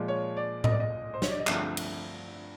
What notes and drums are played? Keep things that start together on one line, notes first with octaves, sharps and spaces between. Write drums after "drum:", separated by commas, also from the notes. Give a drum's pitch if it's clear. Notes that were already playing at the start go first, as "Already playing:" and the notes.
Already playing: A#2 F3 G#3
C#5
D5
D#5, drum: tom A2
D5
D#5
C5
C#5, drum: snare
D5
D#5
G2 D3 F3 A3 C4 E5, drum: clap
drum: cymbal